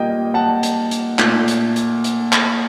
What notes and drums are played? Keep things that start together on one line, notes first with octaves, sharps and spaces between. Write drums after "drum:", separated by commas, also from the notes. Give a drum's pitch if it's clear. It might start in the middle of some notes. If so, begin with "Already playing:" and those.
Already playing: A#2 G3 A#3 D#5 G5
F#5 A5
drum: hi-hat
drum: hi-hat
A#2 A3, drum: clap
drum: hi-hat
drum: hi-hat
drum: hi-hat
drum: clap